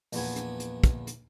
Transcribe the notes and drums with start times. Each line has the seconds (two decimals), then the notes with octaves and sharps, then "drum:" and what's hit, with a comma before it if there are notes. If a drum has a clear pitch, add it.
0.13 A#1 E2 B3 G#5, drum: open hi-hat
0.36 drum: hi-hat
0.60 drum: hi-hat
0.84 drum: kick, hi-hat
1.07 drum: hi-hat